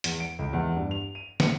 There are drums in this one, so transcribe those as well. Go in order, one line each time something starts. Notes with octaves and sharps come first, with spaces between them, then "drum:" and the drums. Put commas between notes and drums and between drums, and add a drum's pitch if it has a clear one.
E2, drum: hi-hat
D7
C#2
E2
G2
F7
D#7
C#7, drum: snare